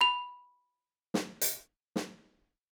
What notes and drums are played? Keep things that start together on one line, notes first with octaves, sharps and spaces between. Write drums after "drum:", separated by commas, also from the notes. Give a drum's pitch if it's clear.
B5 F7
drum: snare
drum: hi-hat
drum: snare